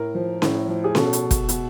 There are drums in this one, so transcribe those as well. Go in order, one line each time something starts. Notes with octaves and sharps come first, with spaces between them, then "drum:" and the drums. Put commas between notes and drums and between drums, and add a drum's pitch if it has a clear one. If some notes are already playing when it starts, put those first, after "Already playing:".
Already playing: A2 A#4
F3
A2, drum: snare C#4
F3
G#4
B2 A4, drum: snare C#4
drum: hi-hat
drum: kick, hi-hat
B2, drum: hi-hat